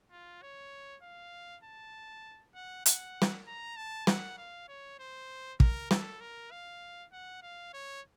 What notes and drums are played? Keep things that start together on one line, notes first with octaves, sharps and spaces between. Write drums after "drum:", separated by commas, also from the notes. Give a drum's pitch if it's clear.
F4
C#5
F5
A5
F#5
F#5, drum: hi-hat
drum: snare
A#5
A5
F#5, drum: snare
F5
C#5
C5
A#4, drum: kick
A4, drum: snare
A#4
F5
F#5
F5
C#5